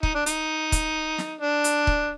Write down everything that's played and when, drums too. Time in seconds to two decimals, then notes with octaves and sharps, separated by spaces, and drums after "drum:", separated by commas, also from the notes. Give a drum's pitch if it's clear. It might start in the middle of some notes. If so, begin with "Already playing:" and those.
0.03 D#4, drum: kick
0.15 D4
0.26 D#4, drum: hi-hat
0.72 drum: kick, hi-hat
1.18 drum: snare
1.41 D4
1.64 drum: hi-hat
1.87 drum: kick